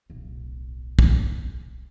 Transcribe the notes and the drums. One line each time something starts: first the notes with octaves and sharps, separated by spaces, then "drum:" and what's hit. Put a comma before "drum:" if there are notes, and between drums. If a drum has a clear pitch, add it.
D1 B1
drum: kick